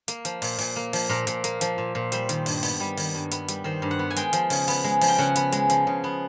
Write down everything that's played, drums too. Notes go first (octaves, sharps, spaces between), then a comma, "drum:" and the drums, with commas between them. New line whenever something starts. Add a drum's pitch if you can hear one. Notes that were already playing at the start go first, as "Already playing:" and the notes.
A#3, drum: hi-hat
F3, drum: hi-hat
A#2, drum: open hi-hat
A#2, drum: open hi-hat
A#3
F3, drum: open hi-hat
A#2 A#4
A#2, drum: hi-hat
A#3, drum: hi-hat
F3, drum: hi-hat
A#2
A#2
G3 C5, drum: hi-hat
D#3, drum: hi-hat
G2, drum: open hi-hat
B3, drum: open hi-hat
G3
D#3, drum: open hi-hat
G2
B3, drum: hi-hat
G3, drum: hi-hat
D#3 C5
G2
F#5
B3
G#5
G#3 G5, drum: hi-hat
F3, drum: hi-hat
C#3, drum: open hi-hat
B3, drum: open hi-hat
G#3
F3, drum: open hi-hat
G5
C#3 F#5
B3, drum: hi-hat
G#3, drum: hi-hat
F3, drum: hi-hat
C#3
B3